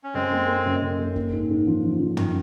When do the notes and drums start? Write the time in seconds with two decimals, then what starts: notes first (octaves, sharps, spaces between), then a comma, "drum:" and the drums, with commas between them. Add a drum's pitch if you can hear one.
0.04 C#4
0.14 F#2 G#3 C4
0.32 A#3
0.48 A#3
0.66 F#2
0.82 F#2
0.99 A#3
1.16 A#3, drum: kick
1.33 G#2
1.50 G#2
1.67 F3
1.83 F3
2.00 F3
2.17 F#2 D#3, drum: tom